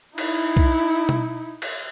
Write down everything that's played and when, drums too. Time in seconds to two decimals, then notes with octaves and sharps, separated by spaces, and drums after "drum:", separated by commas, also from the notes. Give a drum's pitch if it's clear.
0.18 D#4 E4, drum: cymbal
0.57 drum: kick B1
1.09 drum: tom B2
1.62 drum: cymbal